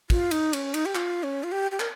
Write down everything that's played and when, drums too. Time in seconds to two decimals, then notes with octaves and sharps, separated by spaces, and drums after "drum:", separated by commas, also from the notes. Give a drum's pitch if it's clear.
0.10 F4, drum: kick, cymbal
0.31 D#4, drum: cymbal
0.53 C#4, drum: cymbal
0.74 D#4, drum: cymbal
0.85 G4
0.95 F4, drum: clap
1.23 C#4
1.43 F4
1.52 G4
1.71 G4
1.80 A#4, drum: clap